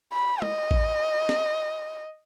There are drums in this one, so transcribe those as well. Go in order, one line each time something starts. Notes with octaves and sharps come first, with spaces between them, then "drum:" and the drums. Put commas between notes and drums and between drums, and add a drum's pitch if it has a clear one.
B5
D#5, drum: tom
drum: kick
drum: snare